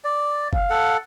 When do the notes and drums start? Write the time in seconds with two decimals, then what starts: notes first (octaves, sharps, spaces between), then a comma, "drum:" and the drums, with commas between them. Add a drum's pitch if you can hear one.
0.04 D5
0.53 F5, drum: kick
0.70 A4 F#5